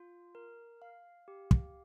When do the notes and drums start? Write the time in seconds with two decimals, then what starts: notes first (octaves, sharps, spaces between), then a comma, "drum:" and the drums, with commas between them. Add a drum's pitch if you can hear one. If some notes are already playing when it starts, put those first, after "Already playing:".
Already playing: F4
0.35 A#4
0.82 F5
1.28 G4
1.51 drum: kick